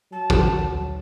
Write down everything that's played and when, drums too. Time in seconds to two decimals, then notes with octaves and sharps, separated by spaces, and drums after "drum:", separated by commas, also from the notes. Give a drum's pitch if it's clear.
0.12 F#3 A5
0.30 drum: kick